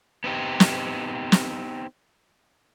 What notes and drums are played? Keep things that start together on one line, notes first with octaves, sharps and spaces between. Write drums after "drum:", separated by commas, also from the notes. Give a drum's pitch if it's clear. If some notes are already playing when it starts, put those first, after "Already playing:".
B3 C4 D#4 G4
drum: snare
drum: snare